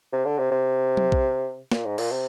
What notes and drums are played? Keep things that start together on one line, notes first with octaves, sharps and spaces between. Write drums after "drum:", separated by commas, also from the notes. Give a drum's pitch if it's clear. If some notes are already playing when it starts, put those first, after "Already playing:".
C3
D3
C3
C3
drum: tom F#3
drum: kick A#1
A#2, drum: snare
G#2
A#2, drum: cymbal
C3